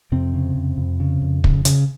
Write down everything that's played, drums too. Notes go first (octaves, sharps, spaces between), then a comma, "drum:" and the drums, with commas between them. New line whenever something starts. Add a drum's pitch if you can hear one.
F2 C3 C4
C#3
F2
F2
C#3
F2
C#3, drum: kick
C#3, drum: hi-hat